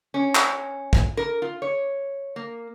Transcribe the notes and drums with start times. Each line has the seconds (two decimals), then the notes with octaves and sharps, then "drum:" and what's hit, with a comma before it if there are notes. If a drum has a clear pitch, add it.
0.14 C#4
0.35 drum: clap
0.93 drum: kick
1.17 A#4
1.42 F4
1.62 C#5
2.36 A#3